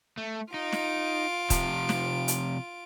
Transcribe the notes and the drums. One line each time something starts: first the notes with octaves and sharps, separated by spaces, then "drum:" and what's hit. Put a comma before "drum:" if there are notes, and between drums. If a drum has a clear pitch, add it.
A3
D#4 F4 D7
drum: snare
C3 F3, drum: kick D#1, hi-hat
drum: snare
drum: hi-hat